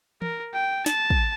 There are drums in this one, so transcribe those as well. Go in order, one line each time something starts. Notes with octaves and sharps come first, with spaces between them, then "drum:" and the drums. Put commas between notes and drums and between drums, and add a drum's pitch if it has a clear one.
A#4, drum: tom E3
G5
A5, drum: snare
drum: kick